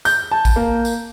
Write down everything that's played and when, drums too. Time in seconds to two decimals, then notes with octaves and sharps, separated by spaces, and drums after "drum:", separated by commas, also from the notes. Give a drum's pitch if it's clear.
0.05 G6, drum: tambourine
0.31 A5
0.45 drum: kick A1, tambourine
0.56 A#3
0.85 drum: tambourine